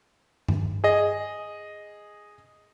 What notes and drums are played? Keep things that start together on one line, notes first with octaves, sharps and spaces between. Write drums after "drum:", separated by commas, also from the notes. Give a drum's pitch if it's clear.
drum: tom G2
G#4 D#5